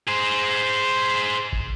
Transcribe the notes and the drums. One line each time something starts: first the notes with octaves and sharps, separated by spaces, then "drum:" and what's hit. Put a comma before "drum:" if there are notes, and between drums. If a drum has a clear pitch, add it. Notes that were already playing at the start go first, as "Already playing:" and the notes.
G#4 C5
drum: kick G#1